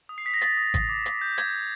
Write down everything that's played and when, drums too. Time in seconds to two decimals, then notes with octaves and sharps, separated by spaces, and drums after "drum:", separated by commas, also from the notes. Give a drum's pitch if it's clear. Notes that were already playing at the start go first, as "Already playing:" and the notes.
0.09 D#6
0.18 C7
0.25 D#6 B6
0.34 A#6
0.41 D#6 A6, drum: hi-hat
0.57 D#6
0.74 D#6, drum: kick G#1, hi-hat
0.89 D6
1.06 D6, drum: hi-hat
1.21 G6
1.38 G6 G#6, drum: hi-hat
1.53 G6